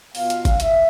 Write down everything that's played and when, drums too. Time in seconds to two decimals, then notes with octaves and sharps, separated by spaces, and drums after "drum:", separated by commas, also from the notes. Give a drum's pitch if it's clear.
0.15 B2 B3 F4 F5, drum: open hi-hat
0.30 drum: hi-hat
0.45 drum: kick G1, hi-hat
0.60 E5, drum: hi-hat